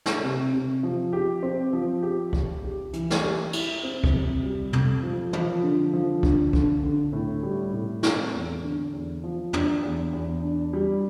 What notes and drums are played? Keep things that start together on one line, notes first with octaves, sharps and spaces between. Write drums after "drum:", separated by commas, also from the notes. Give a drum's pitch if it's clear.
drum: snare
C3
C3
F3
G4
C4
F3
G4
G4, drum: kick C#2
G4
E3, drum: hi-hat
drum: snare
G4
E4, drum: cymbal
C4
drum: kick C#2
C3
G3
F2, drum: tom
F3
F3, drum: tom
D3
F3
D3, drum: kick C#2
D3, drum: kick C#2
D3
A2
G3
A2
C4, drum: snare
E2
D3
E2
F3
D4, drum: tom
E2
E2
D4
G3